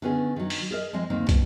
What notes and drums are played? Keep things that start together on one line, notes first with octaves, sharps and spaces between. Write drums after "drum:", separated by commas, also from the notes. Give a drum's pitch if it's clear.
D3 D#3 B3 C#4 F#4 G#4
D#3 F#3
drum: open hi-hat
G#4 A#4 D#5
F3 G#3 C4 D#5
D2 D#3 A#3 C4
B2 D#3 F#3, drum: kick, hi-hat